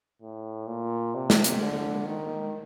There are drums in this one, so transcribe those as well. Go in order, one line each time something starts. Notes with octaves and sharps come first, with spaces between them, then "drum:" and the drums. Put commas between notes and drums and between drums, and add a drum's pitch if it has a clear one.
A2
A#2
C3
drum: snare
drum: hi-hat
D3
D#3